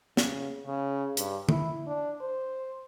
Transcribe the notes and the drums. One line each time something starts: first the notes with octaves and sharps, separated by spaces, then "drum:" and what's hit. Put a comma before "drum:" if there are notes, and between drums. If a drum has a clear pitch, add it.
C#3, drum: snare
C#3
G2, drum: hi-hat
E4, drum: tom D3
D4
C5